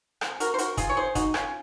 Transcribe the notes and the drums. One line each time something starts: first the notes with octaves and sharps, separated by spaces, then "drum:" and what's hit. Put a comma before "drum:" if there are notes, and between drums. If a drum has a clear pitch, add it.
C3 F3, drum: rim click
F#4 A#4, drum: hi-hat
C5
F#4 A#4, drum: hi-hat
F4 G#4, drum: kick, hi-hat
C#5
G#4 C5
D#4 F#4, drum: kick, hi-hat
C#4 F4, drum: rim click